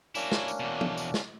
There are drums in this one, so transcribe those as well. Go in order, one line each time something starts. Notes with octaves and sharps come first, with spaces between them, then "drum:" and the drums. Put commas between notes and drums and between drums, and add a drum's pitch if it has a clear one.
F#3 A#3 C#4 D4 E4, drum: tambourine
drum: snare
drum: tambourine
E2 B2
drum: tom F3
drum: tambourine
drum: snare